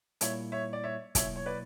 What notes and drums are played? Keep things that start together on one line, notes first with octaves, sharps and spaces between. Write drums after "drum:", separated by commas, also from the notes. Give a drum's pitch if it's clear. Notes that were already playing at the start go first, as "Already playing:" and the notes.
A#2 G3 A#3 E4 C#5 E5, drum: hi-hat
C#5 E5
D5
C#5 E5
B2 F#3 A#3 E4 C#5 E5, drum: kick, hi-hat
C#5
B4 D5